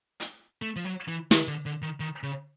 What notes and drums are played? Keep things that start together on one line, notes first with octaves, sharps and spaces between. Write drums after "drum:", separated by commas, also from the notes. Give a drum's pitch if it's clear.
drum: hi-hat
A3
F3
F#3
E3
D#3, drum: snare
D3
D3
D#3
D#3
C#3